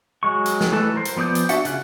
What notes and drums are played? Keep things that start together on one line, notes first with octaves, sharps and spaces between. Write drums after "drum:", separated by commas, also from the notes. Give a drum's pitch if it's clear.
F#3 G#3 C#6
drum: hi-hat
drum: snare
E3 A3 A4 B4
A#4 C5
drum: hi-hat
F3 B3 D5 D#6 G6
drum: hi-hat
D4 F#4 E5 F#5, drum: hi-hat
C#3 F4 F#5, drum: hi-hat